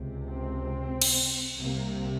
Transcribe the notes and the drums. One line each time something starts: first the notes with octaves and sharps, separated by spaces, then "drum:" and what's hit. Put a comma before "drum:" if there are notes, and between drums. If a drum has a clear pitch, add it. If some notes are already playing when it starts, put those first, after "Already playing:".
Already playing: C#2 C3
C4
drum: cymbal
C2 C3 A#3